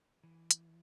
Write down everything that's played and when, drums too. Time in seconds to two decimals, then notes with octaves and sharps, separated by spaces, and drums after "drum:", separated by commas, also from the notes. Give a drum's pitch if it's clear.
0.23 E3
0.51 drum: hi-hat